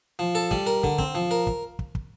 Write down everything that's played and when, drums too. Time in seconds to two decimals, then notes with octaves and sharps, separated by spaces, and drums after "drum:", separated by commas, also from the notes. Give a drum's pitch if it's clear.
0.19 F3
0.35 A4
0.51 G3, drum: kick
0.67 A#4
0.84 D3, drum: kick
0.99 C4, drum: kick
1.15 F3
1.31 A#4
1.47 drum: kick
1.79 drum: kick
1.95 drum: kick